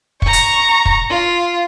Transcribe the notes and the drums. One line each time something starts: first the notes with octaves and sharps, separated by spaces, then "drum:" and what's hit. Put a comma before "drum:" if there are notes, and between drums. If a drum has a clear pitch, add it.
A#5 C#6, drum: kick
drum: hi-hat
drum: kick
F4